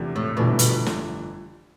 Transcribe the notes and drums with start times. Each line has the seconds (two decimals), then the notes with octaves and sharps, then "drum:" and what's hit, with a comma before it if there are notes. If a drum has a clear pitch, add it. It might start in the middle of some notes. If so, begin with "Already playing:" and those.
Already playing: E2 C3 F3 A3 D4
0.16 A2
0.37 G1 F2 B2 E3 A3 D4
0.59 B2, drum: hi-hat
0.86 drum: snare